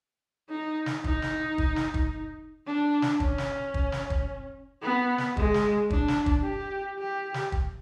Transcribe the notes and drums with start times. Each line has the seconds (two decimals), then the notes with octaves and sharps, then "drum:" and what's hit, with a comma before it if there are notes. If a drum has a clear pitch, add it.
0.50 D#4
0.86 drum: snare
1.04 D#4, drum: kick
1.22 drum: snare
1.58 drum: kick
1.76 drum: snare
1.94 drum: kick
2.67 D4
3.02 drum: snare
3.20 C#4, drum: kick
3.38 drum: snare
3.74 drum: kick
3.92 drum: snare
4.10 drum: kick
4.82 B3
5.18 drum: snare
5.37 G#3, drum: kick
5.54 drum: snare
5.90 D4, drum: kick
6.08 drum: snare
6.26 drum: kick
6.44 G4
6.99 G4
7.34 drum: snare
7.52 drum: kick